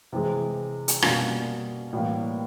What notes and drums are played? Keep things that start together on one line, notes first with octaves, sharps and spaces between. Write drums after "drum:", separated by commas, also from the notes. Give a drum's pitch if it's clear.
C3 E3 G#3
drum: hi-hat
B2 G3 A#3 C#4 F4, drum: rim click
A2 E3 G3 A#3